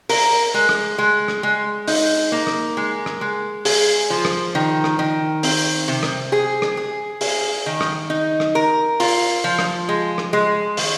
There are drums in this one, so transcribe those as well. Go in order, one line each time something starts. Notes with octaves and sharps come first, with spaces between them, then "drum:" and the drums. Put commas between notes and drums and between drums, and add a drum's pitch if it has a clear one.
A#4, drum: open hi-hat
G#3
drum: rim click
G#3
drum: rim click
G#3
D#4, drum: open hi-hat
A#3
drum: rim click
G#3
drum: rim click
G#3
G#4, drum: open hi-hat
F3
drum: rim click
D#3
drum: rim click
D#3
C4, drum: open hi-hat
C3
drum: rim click
G#4
drum: rim click
G#4
G#4, drum: open hi-hat
D#3
drum: rim click
D#4
drum: rim click
A#4
F4, drum: open hi-hat
F3
drum: rim click
G#3
drum: rim click
G#3
D#3, drum: open hi-hat